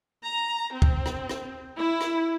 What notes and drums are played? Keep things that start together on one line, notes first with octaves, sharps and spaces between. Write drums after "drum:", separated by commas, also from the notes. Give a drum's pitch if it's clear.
A#5
C4
drum: kick
drum: rim click
drum: rim click
E4
drum: rim click